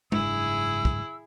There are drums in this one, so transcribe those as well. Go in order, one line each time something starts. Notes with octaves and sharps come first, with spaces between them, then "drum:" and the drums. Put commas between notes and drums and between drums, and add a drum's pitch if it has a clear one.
F#1 G#2 D4 E4 G#4 E6, drum: tom G#3
drum: kick